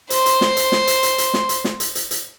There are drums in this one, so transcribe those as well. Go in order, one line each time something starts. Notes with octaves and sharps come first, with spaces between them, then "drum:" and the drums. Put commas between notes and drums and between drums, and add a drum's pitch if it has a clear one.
C5 C6, drum: hi-hat
drum: hi-hat
drum: snare
drum: hi-hat
drum: snare
drum: hi-hat
drum: hi-hat
drum: hi-hat
drum: snare
drum: hi-hat
drum: snare
drum: hi-hat
drum: hi-hat
drum: hi-hat